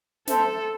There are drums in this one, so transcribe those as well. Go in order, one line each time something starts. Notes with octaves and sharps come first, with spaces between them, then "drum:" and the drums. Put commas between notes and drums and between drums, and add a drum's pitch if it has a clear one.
A4 C5 E5 A5, drum: snare